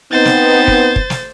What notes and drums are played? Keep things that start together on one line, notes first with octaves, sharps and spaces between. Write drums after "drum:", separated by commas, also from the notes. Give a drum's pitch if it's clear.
B3 C4 D#4 C5 A6
drum: snare
drum: kick
drum: kick
drum: snare